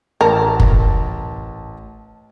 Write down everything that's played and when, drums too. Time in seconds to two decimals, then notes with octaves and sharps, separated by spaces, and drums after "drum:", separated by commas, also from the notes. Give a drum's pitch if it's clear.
0.21 A1 A#4 A5
0.60 drum: kick